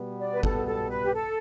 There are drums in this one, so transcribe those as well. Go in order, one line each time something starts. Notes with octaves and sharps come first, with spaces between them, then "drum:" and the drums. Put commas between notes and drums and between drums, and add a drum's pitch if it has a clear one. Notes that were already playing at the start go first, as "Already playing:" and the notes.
Already playing: B2 G3 B3
D5
B4
A4, drum: kick G1
A4
B4
G4
A4